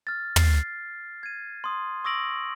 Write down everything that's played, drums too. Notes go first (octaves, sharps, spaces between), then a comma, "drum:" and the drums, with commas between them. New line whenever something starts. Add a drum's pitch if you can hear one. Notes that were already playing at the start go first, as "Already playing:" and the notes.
F6 A6
A6 C7, drum: tom
G#6 D#7
C6 D#6
C#6 D#6 E6 A#6 D7 F#7